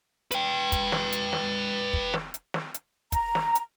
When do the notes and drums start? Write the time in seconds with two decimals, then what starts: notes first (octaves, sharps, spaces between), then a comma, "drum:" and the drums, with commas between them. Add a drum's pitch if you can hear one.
0.32 B4 G5, drum: hi-hat
0.72 drum: kick, hi-hat
0.92 drum: snare
1.12 drum: hi-hat
1.33 drum: snare
1.93 drum: kick
2.14 drum: snare
2.34 drum: hi-hat
2.54 drum: snare
2.74 drum: hi-hat
3.12 A#5, drum: kick, hi-hat
3.35 drum: snare
3.55 drum: hi-hat